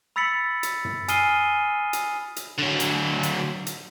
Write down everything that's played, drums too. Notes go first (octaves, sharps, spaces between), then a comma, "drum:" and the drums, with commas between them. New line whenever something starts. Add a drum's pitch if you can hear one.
B5 E6 A6 B6 C#7 F#7
drum: hi-hat
drum: tom
G#5 D#6 F6 C7 D#7 G7, drum: hi-hat
drum: hi-hat
drum: hi-hat
D3 F#3
drum: hi-hat
drum: hi-hat
drum: hi-hat